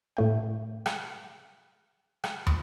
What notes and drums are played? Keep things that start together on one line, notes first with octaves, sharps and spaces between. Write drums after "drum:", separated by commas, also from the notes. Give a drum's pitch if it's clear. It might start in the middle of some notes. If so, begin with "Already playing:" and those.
A2 A3 G5
drum: rim click
drum: rim click
drum: tom